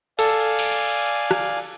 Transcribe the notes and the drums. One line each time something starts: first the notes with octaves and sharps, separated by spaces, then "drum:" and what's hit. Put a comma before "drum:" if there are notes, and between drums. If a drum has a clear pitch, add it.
A4 D5 F5 G#5, drum: cymbal
drum: cymbal
drum: rim click